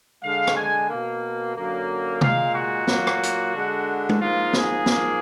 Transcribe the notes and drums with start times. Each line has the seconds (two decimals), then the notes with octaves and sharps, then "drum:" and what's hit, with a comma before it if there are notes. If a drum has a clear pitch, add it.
0.23 D3 G#3 F5
0.47 drum: rim click
0.56 G#5
0.89 B2 A#3
1.55 F#2 D3 F#3 A#3
2.21 A#2 G#3 F5, drum: tom C3
2.55 F#4
2.87 A#2 F#3 A#3, drum: snare
3.07 drum: rim click
3.23 drum: hi-hat
3.54 D3 G#3
4.09 drum: tom
4.20 G#2 F3 A#3 F4
4.53 G#4, drum: snare
4.86 G#2 F3 A#3, drum: snare